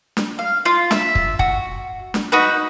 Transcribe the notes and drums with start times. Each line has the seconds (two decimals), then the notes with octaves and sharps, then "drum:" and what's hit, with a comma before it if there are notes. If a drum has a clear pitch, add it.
0.17 drum: snare D4
0.39 F5
0.65 F4
0.91 E5, drum: snare D4
1.15 drum: kick
1.39 F#4, drum: kick
2.14 drum: snare D4
2.32 D#4 F#4 B4